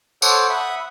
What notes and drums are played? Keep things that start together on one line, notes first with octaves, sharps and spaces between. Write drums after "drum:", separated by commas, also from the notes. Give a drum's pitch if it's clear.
A4 C5 C#5 F#5 D6, drum: tambourine
E5 F#5 B5 D#6